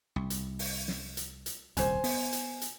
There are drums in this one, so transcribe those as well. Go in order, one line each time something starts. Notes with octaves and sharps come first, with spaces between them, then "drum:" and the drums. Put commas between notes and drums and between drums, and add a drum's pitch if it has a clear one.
C2
drum: hi-hat
drum: open hi-hat
drum: snare
drum: hi-hat
drum: hi-hat
D#1 C2 F2 C5 G#5, drum: hi-hat
B3, drum: open hi-hat
drum: hi-hat
drum: hi-hat